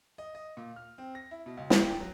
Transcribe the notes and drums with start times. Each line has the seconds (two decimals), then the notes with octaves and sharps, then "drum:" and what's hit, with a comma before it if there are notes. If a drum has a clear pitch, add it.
0.18 D#5
0.35 D#5
0.57 A#2
0.76 F6
0.98 C4
1.15 A#6
1.31 E4
1.46 B2
1.57 C#2
1.70 E5, drum: snare
1.82 G5
2.00 F#3